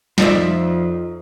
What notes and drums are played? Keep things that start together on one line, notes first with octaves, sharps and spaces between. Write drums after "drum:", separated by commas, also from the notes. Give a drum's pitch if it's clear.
F2 F3 D#4 F4 D5 E5, drum: snare